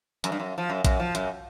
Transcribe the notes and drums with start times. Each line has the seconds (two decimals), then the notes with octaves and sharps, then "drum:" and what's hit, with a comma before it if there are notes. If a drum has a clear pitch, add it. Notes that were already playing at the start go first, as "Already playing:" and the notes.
0.24 F#2, drum: hi-hat
0.32 G2
0.40 F#2
0.58 F3
0.70 F#2
0.85 F#2, drum: kick A#1, hi-hat
1.00 F3
1.15 F#2, drum: hi-hat